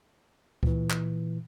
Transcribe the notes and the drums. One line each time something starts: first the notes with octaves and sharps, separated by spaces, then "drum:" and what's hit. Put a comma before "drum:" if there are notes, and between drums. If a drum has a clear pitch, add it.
A#2 E3, drum: kick C#2
drum: clap